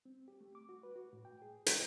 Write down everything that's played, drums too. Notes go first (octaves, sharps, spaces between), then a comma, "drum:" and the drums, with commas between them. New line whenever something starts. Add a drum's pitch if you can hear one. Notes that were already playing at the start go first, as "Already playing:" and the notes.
C4
G4
A3
D6
F#4
B4
F#4
A2
G5
G#4
A#5, drum: hi-hat